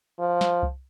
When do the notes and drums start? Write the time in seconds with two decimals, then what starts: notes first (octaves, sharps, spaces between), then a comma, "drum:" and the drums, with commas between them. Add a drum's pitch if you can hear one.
0.19 F3
0.41 drum: snare
0.63 drum: kick C2